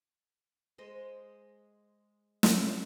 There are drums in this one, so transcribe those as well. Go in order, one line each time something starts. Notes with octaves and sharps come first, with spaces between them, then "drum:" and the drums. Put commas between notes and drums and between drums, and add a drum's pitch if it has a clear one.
G#3 C5 D#5
drum: snare